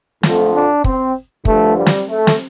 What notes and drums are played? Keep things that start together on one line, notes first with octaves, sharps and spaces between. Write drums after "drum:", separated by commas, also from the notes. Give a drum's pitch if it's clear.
F2 D3 F3 A3, drum: snare
D4
C4, drum: kick
G2 D3 F3 A3, drum: kick
G3
drum: snare
A3
drum: snare